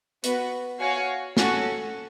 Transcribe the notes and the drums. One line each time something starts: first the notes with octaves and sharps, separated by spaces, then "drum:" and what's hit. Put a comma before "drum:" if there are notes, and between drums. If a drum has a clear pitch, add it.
B3 F#4 B4, drum: hi-hat
F#4 C#5 F5 G#5
C#4 F#4 A4, drum: snare